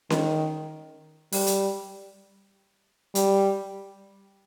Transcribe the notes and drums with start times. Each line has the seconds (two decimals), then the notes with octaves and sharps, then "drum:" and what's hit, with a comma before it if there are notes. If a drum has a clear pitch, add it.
0.10 D#3, drum: snare C#4
1.33 G3, drum: open hi-hat
1.47 drum: hi-hat
3.15 G3, drum: hi-hat